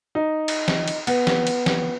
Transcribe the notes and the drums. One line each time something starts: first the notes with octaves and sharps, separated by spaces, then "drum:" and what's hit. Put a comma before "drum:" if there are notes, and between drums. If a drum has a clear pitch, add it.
D#4
drum: cymbal
drum: snare
drum: cymbal
B3, drum: cymbal
drum: snare
drum: cymbal
drum: snare